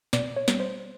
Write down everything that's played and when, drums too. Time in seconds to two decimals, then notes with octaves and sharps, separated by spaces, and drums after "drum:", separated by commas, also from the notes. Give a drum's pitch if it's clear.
0.13 B2 D5, drum: snare
0.36 C#5
0.48 G3, drum: snare
0.60 C5